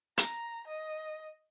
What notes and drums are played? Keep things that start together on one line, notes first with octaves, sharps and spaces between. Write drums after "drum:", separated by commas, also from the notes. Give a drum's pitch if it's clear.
A#5, drum: hi-hat
D#5